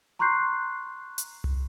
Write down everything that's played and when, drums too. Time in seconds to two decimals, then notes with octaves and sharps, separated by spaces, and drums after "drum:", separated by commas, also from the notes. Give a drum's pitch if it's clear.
0.19 A#5 C6 C#6 F#6 G6 C7
1.18 drum: hi-hat
1.44 drum: tom C2